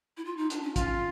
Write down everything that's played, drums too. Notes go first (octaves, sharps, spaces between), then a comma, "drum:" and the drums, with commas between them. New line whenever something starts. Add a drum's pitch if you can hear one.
E4
F4
D#4
D4, drum: hi-hat
C#4
C#4 F4, drum: kick, hi-hat